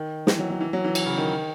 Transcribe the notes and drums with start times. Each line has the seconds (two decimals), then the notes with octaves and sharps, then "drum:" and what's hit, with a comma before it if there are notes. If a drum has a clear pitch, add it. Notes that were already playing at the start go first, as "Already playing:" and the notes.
Already playing: D#3
0.27 E3, drum: snare
0.39 F#3
0.50 F#3
0.61 E3
0.73 F#3
0.84 E3
0.95 drum: cymbal
1.06 C#3
1.17 D#3